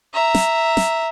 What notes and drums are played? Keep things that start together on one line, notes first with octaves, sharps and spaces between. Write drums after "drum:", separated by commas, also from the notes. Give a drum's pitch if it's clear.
E5 A#5
drum: snare
drum: snare